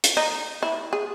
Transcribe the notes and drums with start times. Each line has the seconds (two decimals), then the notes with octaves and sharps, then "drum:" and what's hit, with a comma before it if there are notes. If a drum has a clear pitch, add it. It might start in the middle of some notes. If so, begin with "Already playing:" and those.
0.04 drum: hi-hat
0.17 D#4
0.63 E4
0.93 G#4